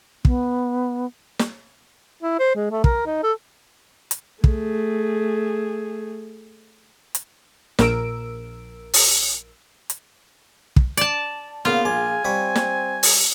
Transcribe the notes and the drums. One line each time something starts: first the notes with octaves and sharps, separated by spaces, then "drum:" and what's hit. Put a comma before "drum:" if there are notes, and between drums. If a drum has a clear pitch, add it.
B3, drum: kick
drum: snare
E4
C5
G#3
A3
A#4, drum: kick
D#4
A4
drum: hi-hat
A3 G#4, drum: kick
drum: hi-hat
A#1 A#4 E6 D7, drum: snare
drum: open hi-hat
drum: hi-hat
drum: kick
D5 A5, drum: hi-hat
C#3 A#3 B3 F4
A#1 G#4 G#5 D6
G3 C4 C#5 B5
drum: snare
drum: open hi-hat